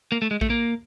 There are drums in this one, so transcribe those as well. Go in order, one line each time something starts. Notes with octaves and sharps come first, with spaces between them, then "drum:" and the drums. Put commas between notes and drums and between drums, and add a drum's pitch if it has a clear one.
A#3
A3
G#3
A3, drum: kick A#1
A#3